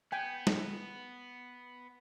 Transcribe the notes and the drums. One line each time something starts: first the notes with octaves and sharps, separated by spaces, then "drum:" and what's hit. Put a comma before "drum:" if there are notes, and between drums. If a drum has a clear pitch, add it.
B3 G5 G#5
drum: snare